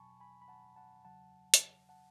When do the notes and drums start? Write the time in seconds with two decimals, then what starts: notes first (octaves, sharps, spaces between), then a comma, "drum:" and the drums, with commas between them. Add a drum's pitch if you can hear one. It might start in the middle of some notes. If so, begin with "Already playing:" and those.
Already playing: E2 B2 F#3 G#5 A5 B5 C#6
0.20 G#5 B5
0.42 B5
0.48 F#5 A5
0.76 F#5 A5
1.05 E2 C#3 F#3 F#5 A5
1.54 drum: hi-hat
1.89 F#5 A5